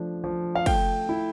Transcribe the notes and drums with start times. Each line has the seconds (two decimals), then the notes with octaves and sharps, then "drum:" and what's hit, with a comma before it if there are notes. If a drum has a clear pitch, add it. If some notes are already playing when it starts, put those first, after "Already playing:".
Already playing: F3 A3 D4
0.24 F3
0.55 F5
0.66 A3 G5, drum: kick, cymbal
1.09 E4